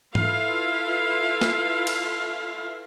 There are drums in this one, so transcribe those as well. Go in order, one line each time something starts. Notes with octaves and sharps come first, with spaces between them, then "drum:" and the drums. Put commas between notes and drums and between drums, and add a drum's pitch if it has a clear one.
E4 F4 A4 B4 E5 F5, drum: tom G#2
drum: snare
drum: cymbal